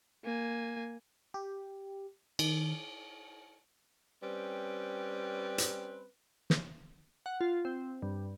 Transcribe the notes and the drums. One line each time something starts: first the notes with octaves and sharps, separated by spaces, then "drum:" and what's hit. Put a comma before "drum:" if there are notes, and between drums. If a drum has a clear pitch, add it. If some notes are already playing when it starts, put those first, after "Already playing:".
A#3 G#5
G4
D#3, drum: cymbal
G3 C4 C#4 B4
drum: hi-hat
drum: snare
F#5
F4
C4
G2